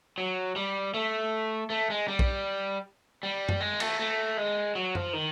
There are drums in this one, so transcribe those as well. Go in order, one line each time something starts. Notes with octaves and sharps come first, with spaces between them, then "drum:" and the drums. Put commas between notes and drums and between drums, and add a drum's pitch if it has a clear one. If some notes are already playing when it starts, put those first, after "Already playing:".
F#3
G3
A3
A3
G#3
G3
drum: kick
G3
drum: tom
G#3
A3, drum: cymbal
A3
G#3
F#3
F3, drum: tom
D#3